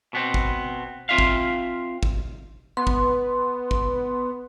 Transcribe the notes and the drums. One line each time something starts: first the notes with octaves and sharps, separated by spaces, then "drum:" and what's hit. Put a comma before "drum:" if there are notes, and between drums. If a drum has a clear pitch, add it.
B2 B3 C4
drum: kick
C4 F4 E5 F5
drum: kick
drum: kick
B3 C6
drum: kick
drum: kick